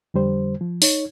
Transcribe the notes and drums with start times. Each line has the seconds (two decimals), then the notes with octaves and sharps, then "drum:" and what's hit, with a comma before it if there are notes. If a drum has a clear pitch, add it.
0.14 F2 D3 G3 C5
0.61 F3
0.82 D#4 C#5, drum: open hi-hat